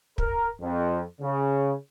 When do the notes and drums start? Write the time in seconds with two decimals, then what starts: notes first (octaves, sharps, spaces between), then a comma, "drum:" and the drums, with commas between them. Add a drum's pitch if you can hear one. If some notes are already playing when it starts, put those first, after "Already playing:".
0.18 A#4, drum: kick
0.61 F2
1.21 C#3